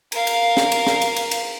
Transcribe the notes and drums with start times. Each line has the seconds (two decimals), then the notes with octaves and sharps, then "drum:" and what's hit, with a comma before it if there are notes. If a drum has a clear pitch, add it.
0.12 A#4 F5, drum: cymbal
0.27 drum: cymbal
0.57 drum: snare
0.72 drum: cymbal
0.87 drum: snare
1.02 drum: cymbal
1.16 drum: cymbal
1.31 drum: cymbal